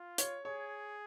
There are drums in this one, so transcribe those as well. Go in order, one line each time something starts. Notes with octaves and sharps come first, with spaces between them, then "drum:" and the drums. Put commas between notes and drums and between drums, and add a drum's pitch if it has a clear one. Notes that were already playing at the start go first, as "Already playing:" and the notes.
Already playing: F4
C#5, drum: hi-hat
G#4 C#5